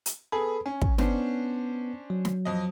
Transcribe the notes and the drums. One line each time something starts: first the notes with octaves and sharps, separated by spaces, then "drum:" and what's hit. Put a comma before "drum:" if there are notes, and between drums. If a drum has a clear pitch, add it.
drum: hi-hat
B3 G#4 A4 B5
C#4 G#5
drum: kick
B3 C#4 D4 C5, drum: snare
F#3
drum: snare
F2 D#5